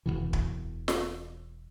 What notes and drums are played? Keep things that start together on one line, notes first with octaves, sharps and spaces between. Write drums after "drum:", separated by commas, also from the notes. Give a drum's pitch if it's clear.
E1 C2 B2 E3
drum: kick
drum: snare